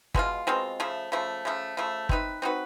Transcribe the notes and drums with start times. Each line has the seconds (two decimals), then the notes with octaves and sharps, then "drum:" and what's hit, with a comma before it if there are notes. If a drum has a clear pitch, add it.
0.14 B2 G#3 C4 F4, drum: kick G1
0.47 B2 G#3 C4 F4
0.80 C#3 F3 A3
1.12 C#3 F3 A3
1.45 C#3 F3 A3
1.77 C#3 F3 A3
2.09 C4 D#4 F#4 B4, drum: kick G1
2.42 C4 D#4 F#4 B4